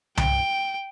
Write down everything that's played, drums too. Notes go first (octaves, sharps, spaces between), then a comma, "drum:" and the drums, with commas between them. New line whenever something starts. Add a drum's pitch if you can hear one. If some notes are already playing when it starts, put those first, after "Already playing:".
G5, drum: tom C2